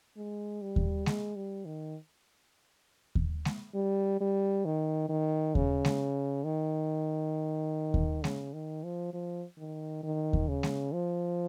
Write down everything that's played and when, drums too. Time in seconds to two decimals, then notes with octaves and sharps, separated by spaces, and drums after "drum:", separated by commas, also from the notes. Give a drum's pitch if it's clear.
0.17 G#3
0.62 G3
0.76 drum: kick D#2
1.06 G#3, drum: snare G#3
1.36 G3
1.65 D#3
3.15 drum: kick D#2
3.45 drum: snare G#3
3.75 G3
4.21 G3
4.65 D#3
5.09 D#3
5.55 C#3, drum: kick D#2
5.85 drum: snare G#3
6.44 D#3
7.94 drum: kick D#2
8.24 C#3, drum: snare G#3
8.53 D#3
8.84 F3
9.14 F3
9.59 D#3
10.03 D#3
10.33 drum: kick D#2
10.48 C#3
10.63 drum: snare G#3
10.93 F3